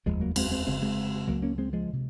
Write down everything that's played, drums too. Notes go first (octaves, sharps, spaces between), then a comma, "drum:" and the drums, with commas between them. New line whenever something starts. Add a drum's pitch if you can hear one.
F1 D#2 C#3 F3 G#3
F#3 A#3
G#3 C4, drum: cymbal
G#3 C4
F1 F2 C#3 G#3 C4
G#3 C4
C#2 C#3 F#3 A#3
A#3 C#4
G#3 C4
F3 G#3
C3